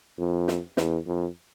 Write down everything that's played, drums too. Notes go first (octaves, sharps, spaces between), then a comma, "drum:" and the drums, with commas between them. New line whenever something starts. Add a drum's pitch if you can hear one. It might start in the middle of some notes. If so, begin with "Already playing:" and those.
F2
drum: snare
E2, drum: snare
F2